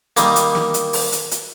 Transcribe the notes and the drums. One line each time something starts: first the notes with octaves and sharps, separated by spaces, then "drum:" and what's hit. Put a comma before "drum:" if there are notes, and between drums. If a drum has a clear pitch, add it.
D#3 G3 A#3, drum: hi-hat
drum: hi-hat
drum: snare
drum: hi-hat
drum: open hi-hat
drum: hi-hat
drum: hi-hat